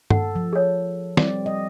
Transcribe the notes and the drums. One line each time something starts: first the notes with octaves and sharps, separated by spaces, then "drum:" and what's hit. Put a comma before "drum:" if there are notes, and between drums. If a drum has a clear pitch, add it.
A4 F#5, drum: tom G2
F3
G#4 C#5
G3 C4 D5, drum: snare
D#5